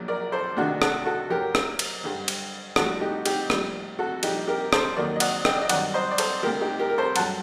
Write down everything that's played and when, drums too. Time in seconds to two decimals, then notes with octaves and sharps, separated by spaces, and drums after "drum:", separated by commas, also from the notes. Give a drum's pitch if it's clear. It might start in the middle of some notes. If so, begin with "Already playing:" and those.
Already playing: A#1 A#2 F#3
0.08 A#4 D5
0.32 A4 C5
0.57 D2 C3 D#3 D4 F#4
0.82 F#4 A4, drum: rim click
1.06 F#4 A4
1.30 F#2 F#3 G4 A#4
1.55 drum: rim click
1.79 drum: cymbal
2.03 G2 D3 G3
2.28 drum: cymbal
2.76 A#1 A2 G3 F#4 A4, drum: rim click
3.01 D#4 G4
3.26 D#4 G4, drum: cymbal
3.50 A#1 A2 G3, drum: rim click
3.99 F#4 A4
4.23 A#1 A#2 G3 D#4 G4, drum: cymbal
4.47 G4 A#4
4.73 A4 C5, drum: rim click
4.96 D#2 D#3 F#3 A#4 D5
5.16 D#5
5.20 D5 F#5, drum: cymbal
5.45 D#5 G5, drum: rim click
5.54 D5
5.62 D#5
5.69 G2 D#3 F#3 D5 F#5, drum: cymbal
5.94 C5 D#5
6.11 D5
6.18 A4 C5, drum: cymbal
6.42 D2 D3 G3 G4 A#4
6.61 D#4 G4
6.79 G4 A#4
6.90 A#4
6.98 A4 C5
7.16 G2 F#3 F#5 A5, drum: cymbal